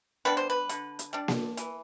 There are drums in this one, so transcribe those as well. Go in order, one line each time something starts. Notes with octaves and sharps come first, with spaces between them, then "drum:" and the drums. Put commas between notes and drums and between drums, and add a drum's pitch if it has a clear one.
G3 B3 D4 B4
C5
B4
D3, drum: hi-hat
drum: hi-hat
G3 D4
drum: snare A#3
E3, drum: hi-hat